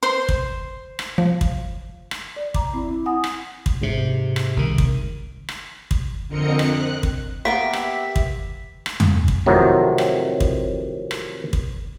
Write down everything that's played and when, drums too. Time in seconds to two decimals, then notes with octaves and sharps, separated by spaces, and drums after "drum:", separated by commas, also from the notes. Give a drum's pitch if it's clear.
0.03 C5 C6
0.29 drum: kick
0.99 drum: rim click
1.18 F3
1.41 drum: kick
2.11 drum: rim click
2.36 D5
2.54 A#5 D6, drum: kick
2.74 C4 E4
3.06 F#5 G#5 D#6
3.24 drum: rim click
3.66 drum: kick
3.81 G#2 C3
4.36 drum: rim click
4.57 C2 D#3
4.78 drum: kick
5.49 drum: rim click
5.91 drum: kick
6.28 F2 D3 C4 A#4 D#5 C#7
6.59 F#6, drum: rim click
7.03 drum: kick
7.45 A#3 B3 G4 A#4 E5 B6
7.73 drum: rim click
8.16 drum: kick
8.86 drum: rim click
9.00 drum: tom
9.28 drum: kick
9.46 F2 A2 C3 D#3 F#3
9.98 drum: rim click
10.40 drum: kick
11.11 drum: rim click
11.53 drum: kick